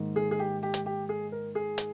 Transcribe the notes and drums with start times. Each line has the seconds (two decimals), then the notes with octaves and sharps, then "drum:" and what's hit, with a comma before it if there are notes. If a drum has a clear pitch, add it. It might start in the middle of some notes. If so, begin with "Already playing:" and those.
Already playing: G#2 D#3 A#3
0.16 G#4
0.31 G#4
0.39 G4
0.63 G4
0.74 drum: hi-hat
0.86 G4
1.09 G#4
1.32 A#4
1.55 G#4
1.78 drum: hi-hat